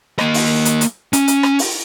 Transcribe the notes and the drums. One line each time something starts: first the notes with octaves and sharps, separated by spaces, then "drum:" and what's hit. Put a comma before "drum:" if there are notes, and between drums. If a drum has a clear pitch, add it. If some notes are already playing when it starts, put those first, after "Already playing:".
A#3 D#5, drum: rim click
drum: open hi-hat
drum: hi-hat
drum: hi-hat
C#4, drum: hi-hat
drum: hi-hat
drum: rim click
drum: open hi-hat